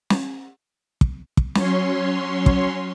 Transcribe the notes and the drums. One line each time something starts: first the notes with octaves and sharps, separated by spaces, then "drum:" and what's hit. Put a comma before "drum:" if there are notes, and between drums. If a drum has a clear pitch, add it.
drum: snare
drum: kick
drum: kick
F#3 C#4 C#5 C6, drum: snare
drum: kick